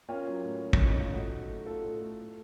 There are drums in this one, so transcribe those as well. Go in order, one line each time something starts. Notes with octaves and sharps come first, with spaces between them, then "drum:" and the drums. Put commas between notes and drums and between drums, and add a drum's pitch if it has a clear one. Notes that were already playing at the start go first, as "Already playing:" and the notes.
A#3 C#4 F4
F#3
A2
F#3
C#4, drum: kick
A2
D#4
A2 F4
A3 D#4 F#4
F#3
A3
A3 F4 A4
A2
A3
A3